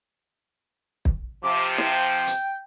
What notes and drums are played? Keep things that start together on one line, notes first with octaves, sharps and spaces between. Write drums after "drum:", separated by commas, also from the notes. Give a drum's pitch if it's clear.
drum: kick
C3 F3 D6
G5, drum: snare
drum: hi-hat